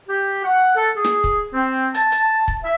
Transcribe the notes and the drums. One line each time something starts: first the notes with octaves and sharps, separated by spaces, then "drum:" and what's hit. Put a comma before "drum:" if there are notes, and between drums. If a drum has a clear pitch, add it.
G4
F#5
A4
G#4
drum: snare
drum: kick C#1
C4
A5, drum: hi-hat
drum: hi-hat
drum: kick C#1
E5